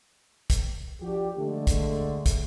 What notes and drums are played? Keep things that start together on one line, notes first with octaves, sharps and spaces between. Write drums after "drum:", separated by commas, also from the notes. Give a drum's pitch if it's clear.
drum: kick, hi-hat
F3 D4 F#4 G4
D3 G#3 A3
drum: kick, hi-hat
drum: kick, hi-hat